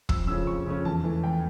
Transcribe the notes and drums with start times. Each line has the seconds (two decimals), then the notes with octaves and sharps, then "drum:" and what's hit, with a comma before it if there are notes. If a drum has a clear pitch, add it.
0.09 F2 E6, drum: kick
0.27 C#3 F3 A3 C#4 E6
0.47 F2 C#6
0.66 C#3 F3 A3 C#4
0.85 E2 A5
1.04 E3 A3
1.23 E2 G5